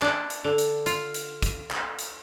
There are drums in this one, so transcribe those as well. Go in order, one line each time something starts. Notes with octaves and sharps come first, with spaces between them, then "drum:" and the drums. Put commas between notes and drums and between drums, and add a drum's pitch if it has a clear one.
D4, drum: clap
drum: hi-hat
D3
drum: hi-hat
F4, drum: hi-hat
drum: hi-hat
drum: kick, hi-hat
drum: clap
drum: hi-hat